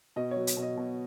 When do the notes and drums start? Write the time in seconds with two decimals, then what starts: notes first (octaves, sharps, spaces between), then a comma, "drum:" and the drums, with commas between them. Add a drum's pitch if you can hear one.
0.16 B2 D#5
0.31 C#5
0.36 F#3
0.47 drum: hi-hat
0.57 B2
0.62 D#5
0.78 B2